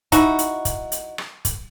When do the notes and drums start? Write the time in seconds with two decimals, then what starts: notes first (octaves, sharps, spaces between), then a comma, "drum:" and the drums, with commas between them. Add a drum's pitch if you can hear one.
0.12 D#4 E4 F#4, drum: kick, hi-hat
0.39 drum: hi-hat
0.65 drum: kick, hi-hat
0.92 drum: hi-hat
1.18 drum: rim click
1.45 drum: kick, hi-hat